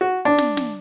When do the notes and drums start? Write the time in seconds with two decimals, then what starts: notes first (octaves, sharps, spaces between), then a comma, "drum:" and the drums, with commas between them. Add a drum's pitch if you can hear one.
0.01 F#4
0.25 D4
0.38 drum: snare
0.57 drum: snare